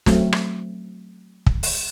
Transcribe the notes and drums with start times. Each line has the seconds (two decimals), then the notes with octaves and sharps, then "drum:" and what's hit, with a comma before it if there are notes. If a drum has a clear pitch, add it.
0.06 F#3 A3 C4, drum: snare
0.33 drum: rim click
1.46 drum: kick
1.63 drum: open hi-hat